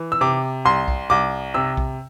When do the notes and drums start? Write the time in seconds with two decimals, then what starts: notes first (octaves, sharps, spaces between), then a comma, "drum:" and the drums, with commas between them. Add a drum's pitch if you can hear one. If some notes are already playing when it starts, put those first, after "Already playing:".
Already playing: E3
0.12 E6
0.21 C3 D6
0.65 C2 C6
0.88 drum: kick B1
1.10 C2 D6
1.54 C3 E6
1.77 drum: kick B1